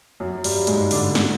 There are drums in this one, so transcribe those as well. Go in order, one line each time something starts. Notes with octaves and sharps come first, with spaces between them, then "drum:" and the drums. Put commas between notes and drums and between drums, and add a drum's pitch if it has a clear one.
F#2 F#3
G2 G3, drum: open hi-hat
G#2 G#3, drum: hi-hat
D3 D4, drum: open hi-hat
drum: snare